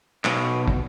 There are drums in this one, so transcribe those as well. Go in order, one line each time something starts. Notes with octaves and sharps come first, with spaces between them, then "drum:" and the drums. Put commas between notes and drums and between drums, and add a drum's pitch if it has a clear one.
B1 B2, drum: clap
drum: kick